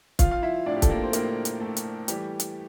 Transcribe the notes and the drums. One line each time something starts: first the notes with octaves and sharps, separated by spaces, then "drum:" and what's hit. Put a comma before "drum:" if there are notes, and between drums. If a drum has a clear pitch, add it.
F3 F4 F5, drum: kick, hi-hat
F5
E4 E5
A2 D4 D5
G4
A4, drum: kick, hi-hat
A#3 A#4
C5
A2 A#3 A#4, drum: hi-hat
drum: hi-hat
A3 A4
drum: hi-hat
E3 G3 G4, drum: hi-hat
drum: hi-hat